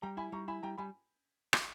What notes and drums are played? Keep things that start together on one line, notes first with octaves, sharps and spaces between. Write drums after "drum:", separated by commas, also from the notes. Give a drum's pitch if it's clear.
G3 G5 A#5
E4 G#5 B5
G3 A#5 C#6
E4 G#5 B5
G3 G5 A#5
G3 G#5 B5
drum: rim click